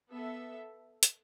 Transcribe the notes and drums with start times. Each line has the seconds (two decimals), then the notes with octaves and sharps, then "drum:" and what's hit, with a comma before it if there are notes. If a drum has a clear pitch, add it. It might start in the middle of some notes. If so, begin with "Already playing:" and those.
0.11 B3 A4 E5
1.03 drum: hi-hat